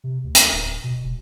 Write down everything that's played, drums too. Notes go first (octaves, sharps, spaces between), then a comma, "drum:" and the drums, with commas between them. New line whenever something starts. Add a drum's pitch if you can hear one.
C3
D2
drum: hi-hat
D1
B2
E1